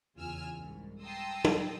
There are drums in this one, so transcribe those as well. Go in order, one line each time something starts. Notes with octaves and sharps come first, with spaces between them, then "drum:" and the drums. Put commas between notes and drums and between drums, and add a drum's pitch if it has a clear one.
E2 C#3 F4 G#5 E6 F6
C2 G#2
G5 A5 A#5 C6 D#6 E6
drum: tom